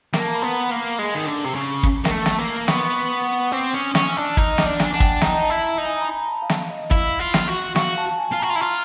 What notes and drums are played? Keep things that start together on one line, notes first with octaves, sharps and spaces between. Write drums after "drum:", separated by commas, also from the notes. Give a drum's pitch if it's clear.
A#3, drum: snare
A5
A#5
B5
B3 C6
A#3
G#3
D#3
D3
C3
C#3
drum: kick
A#3, drum: snare
A3
drum: snare
A#3
B3 C#6, drum: snare
C6
C#6
D#6
C4 D6
C#4
D#6
C#4, drum: snare
F6
E6
D4
D#4 F6, drum: kick
D6, drum: snare
D4
G#5, drum: snare
D4 F#5
G5, drum: kick
D#4 A5, drum: snare
A5
E4
A#5
D#4
G#5
B5
A#5
A5
F5
E5, drum: snare
D#5
E4 F5, drum: kick
F4
drum: snare
F#4
F#4 F5, drum: snare
A5
G#5
F4 A5
F#4 A#5
F4
E4
F4